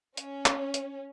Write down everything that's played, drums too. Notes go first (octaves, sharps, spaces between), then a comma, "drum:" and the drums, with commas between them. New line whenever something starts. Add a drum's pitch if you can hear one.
C#4, drum: hi-hat
drum: clap
drum: hi-hat